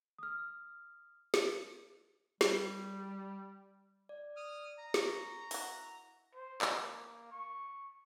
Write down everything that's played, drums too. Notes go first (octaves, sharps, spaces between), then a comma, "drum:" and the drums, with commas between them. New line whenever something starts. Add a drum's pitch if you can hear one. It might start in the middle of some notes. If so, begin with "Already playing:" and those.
D#6 F6
drum: snare
G3, drum: snare
D5
D#6 F6
A#5
C#6, drum: snare
E4 F#4, drum: open hi-hat
C5
drum: clap
A#3
C#6